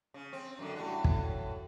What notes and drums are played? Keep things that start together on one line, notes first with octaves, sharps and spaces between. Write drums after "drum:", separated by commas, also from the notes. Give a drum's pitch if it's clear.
C#3
C4
F#2 D3
A2 G3 F#4
drum: kick